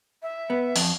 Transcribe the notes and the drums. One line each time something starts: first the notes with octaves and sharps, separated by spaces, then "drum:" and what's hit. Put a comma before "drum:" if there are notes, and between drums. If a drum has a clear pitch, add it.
E5
B3
F2, drum: open hi-hat